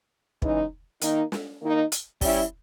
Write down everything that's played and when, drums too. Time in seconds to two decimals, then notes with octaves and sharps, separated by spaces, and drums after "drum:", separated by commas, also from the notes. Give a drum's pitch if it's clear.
0.42 C#3 E3 G#3 D#4, drum: kick
1.01 D#3 A#3 D#4, drum: hi-hat
1.32 drum: snare
1.62 D#3 A#3 D#4
1.92 drum: hi-hat
2.21 G3 C#4 E4, drum: kick, open hi-hat